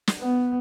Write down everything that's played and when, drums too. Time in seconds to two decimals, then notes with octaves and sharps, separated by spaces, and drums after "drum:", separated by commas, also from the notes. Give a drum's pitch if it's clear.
0.07 drum: snare
0.18 B3